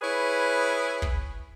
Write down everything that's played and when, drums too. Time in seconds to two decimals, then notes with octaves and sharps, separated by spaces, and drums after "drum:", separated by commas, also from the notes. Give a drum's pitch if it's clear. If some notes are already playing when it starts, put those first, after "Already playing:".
0.01 E4 G#4 B4 C#5
1.02 drum: kick